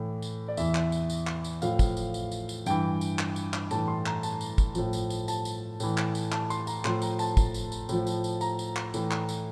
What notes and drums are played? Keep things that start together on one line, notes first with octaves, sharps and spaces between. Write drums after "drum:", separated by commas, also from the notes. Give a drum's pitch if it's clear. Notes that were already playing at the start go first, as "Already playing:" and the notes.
Already playing: A2 E3
drum: tambourine
D5
E2 E3 E5, drum: tambourine
drum: clap
drum: tambourine
drum: tambourine
drum: clap
drum: tambourine
A2 F3 F5, drum: tambourine
drum: kick, tambourine
drum: tambourine
drum: tambourine
drum: tambourine
drum: tambourine
G2 E3 G5, drum: tambourine
drum: tambourine
drum: clap
drum: tambourine
drum: clap
A2 E3 A5, drum: tambourine
C6
A#5, drum: clap
A5, drum: tambourine
drum: tambourine
drum: kick, tambourine
A2 F3, drum: tambourine
drum: tambourine
drum: tambourine
A5, drum: tambourine
drum: tambourine
A2 E3, drum: tambourine
drum: clap
drum: tambourine
A5, drum: clap
C6, drum: tambourine
A#5, drum: tambourine
A2 F3 C6, drum: clap
A#5, drum: tambourine
A5, drum: tambourine
drum: kick, tambourine
drum: tambourine
drum: tambourine
A2 F3, drum: tambourine
drum: tambourine
drum: tambourine
A#5, drum: tambourine
drum: tambourine
drum: clap
A2 E3, drum: tambourine
drum: clap
drum: tambourine